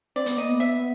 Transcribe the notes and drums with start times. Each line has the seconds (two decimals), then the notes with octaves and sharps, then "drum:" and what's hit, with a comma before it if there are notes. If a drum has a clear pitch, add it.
0.16 C4 D5
0.26 B3, drum: hi-hat
0.37 A#3 D#5
0.48 B3
0.60 E5